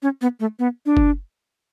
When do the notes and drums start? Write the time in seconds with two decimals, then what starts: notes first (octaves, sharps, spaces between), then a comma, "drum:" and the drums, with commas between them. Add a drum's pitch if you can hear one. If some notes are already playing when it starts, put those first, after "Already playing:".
0.03 C#4
0.22 B3
0.40 A3
0.59 B3
0.86 D4
0.97 drum: kick F#1